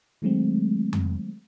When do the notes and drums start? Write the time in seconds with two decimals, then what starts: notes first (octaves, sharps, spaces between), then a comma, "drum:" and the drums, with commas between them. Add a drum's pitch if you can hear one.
0.22 D#3 F#3 G#3 A3 C4
0.93 drum: tom F2